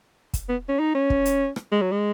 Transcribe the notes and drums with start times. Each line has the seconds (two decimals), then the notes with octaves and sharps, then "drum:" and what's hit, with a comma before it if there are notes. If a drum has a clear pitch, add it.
0.34 drum: kick, hi-hat
0.49 B3
0.69 C#4
0.79 D#4
0.94 C#4
1.10 drum: kick
1.25 drum: hi-hat
1.56 drum: rim click
1.71 G#3
1.81 F#3
1.92 G#3